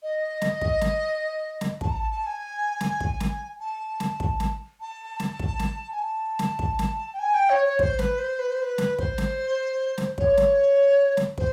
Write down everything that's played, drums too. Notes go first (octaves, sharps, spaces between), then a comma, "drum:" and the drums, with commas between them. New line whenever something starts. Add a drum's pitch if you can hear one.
D#5
drum: snare
drum: kick
drum: snare
drum: snare
A5, drum: kick
A#5
A5
A5
G#5
drum: snare
drum: kick
drum: snare
A5
drum: snare
drum: kick
drum: snare
A5
drum: snare
drum: kick
drum: snare
G#5
A5
drum: snare
drum: kick
drum: snare
G5
G#5
G5
C#5
C#5
C5, drum: kick
B4, drum: snare
C5
B4
C5
B4
drum: snare
C5, drum: kick
drum: snare
drum: snare
C#5, drum: kick
drum: snare
drum: snare
C5, drum: kick